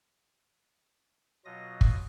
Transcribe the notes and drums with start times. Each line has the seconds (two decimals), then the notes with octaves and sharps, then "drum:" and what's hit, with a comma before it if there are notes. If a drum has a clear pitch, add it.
1.45 B2 F#3 F4 D#5 D#6 A#6
1.81 drum: kick